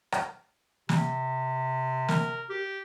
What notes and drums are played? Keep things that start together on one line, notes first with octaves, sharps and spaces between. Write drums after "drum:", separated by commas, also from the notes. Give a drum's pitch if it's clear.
drum: rim click
C3, drum: snare
A#4, drum: snare
G4